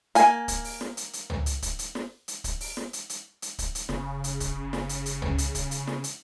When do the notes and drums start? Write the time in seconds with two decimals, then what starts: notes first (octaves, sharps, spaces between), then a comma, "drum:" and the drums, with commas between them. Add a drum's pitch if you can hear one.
0.15 A#3 G#5, drum: hi-hat
0.48 drum: kick D1, hi-hat
0.64 drum: open hi-hat
0.81 drum: snare
0.97 drum: hi-hat
1.13 drum: hi-hat
1.30 drum: tom
1.46 drum: hi-hat
1.62 drum: kick D1, hi-hat
1.79 drum: hi-hat
1.95 drum: snare
2.28 drum: hi-hat
2.44 drum: kick D1, hi-hat
2.60 drum: open hi-hat
2.77 drum: snare
2.93 drum: hi-hat
3.09 drum: hi-hat
3.42 drum: hi-hat
3.59 drum: kick D1, hi-hat
3.75 drum: hi-hat
3.89 F#1 C#3, drum: snare
4.24 drum: hi-hat
4.40 drum: kick D1, hi-hat
4.73 drum: snare
4.89 drum: hi-hat
5.06 drum: hi-hat
5.22 drum: tom
5.38 drum: hi-hat
5.55 drum: kick D1, hi-hat
5.71 drum: hi-hat
5.87 drum: snare
6.04 drum: hi-hat